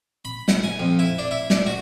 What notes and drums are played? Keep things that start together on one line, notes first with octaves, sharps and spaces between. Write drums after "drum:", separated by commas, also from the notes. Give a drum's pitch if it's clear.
B5
F#5, drum: snare
G#5
F2
E4
D4
E4
D4, drum: snare
F#4